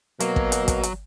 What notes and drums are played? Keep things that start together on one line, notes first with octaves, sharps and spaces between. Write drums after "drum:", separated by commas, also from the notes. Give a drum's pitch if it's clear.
B2 F#3 A#3, drum: hi-hat
drum: kick
drum: hi-hat
drum: kick, hi-hat
drum: hi-hat